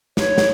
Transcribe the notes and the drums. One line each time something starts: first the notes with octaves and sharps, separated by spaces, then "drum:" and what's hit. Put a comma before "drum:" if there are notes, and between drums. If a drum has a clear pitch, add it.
C#5, drum: snare
drum: snare